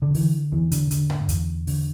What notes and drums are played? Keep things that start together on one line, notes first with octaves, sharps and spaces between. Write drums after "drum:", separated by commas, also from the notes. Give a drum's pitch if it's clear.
D3
D3 E3, drum: open hi-hat
E2 E3
D3, drum: hi-hat
D3, drum: hi-hat
drum: tom G2
E2, drum: hi-hat
D3, drum: open hi-hat